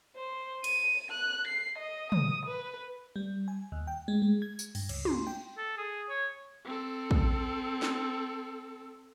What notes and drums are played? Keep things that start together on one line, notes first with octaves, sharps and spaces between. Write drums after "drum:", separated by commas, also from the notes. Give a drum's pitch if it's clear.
C5
D#7, drum: cymbal
F#6
C7
D#5
D#6, drum: tom
B4
G3
G#5
D#2
G5
G#3
G#3
G#6
drum: tambourine
G2, drum: open hi-hat
C#2, drum: cymbal
C6, drum: tom
G5
A4
G#4
C#5
C4 A4
drum: kick
drum: snare